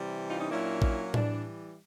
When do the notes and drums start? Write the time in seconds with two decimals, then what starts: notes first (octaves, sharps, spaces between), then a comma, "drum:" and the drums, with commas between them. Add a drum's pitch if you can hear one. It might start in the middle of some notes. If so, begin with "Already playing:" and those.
Already playing: C3 E3 G3
0.28 D#4 F4
0.38 C#4 D#4
0.49 A#2 F#3 A#3 C#4 D4 E4
0.82 drum: kick A1
1.14 E3 G3 D4, drum: tom A2